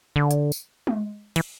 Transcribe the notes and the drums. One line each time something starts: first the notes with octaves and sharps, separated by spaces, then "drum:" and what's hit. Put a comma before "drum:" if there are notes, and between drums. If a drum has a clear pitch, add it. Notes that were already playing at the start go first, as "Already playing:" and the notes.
D3
drum: hi-hat
drum: tambourine
drum: tom G#3
E3, drum: cymbal